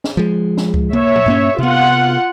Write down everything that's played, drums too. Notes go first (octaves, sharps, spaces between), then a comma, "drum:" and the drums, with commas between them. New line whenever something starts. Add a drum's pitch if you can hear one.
drum: snare
F3 G#3
drum: snare
drum: kick C#2
A#3 C#5 E5, drum: tom
drum: tom A#2
G2 A#3 C#4
C3 B3 F4 F#5